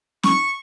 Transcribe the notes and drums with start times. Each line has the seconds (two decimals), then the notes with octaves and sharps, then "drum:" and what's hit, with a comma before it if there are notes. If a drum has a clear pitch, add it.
0.23 C#6, drum: snare